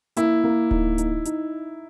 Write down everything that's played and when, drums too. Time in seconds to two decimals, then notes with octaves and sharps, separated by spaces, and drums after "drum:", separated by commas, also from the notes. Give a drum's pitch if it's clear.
0.17 A#3 E4, drum: hi-hat
0.44 A#3
0.71 D#4, drum: kick D1
0.98 D#4, drum: hi-hat
1.25 D#4, drum: hi-hat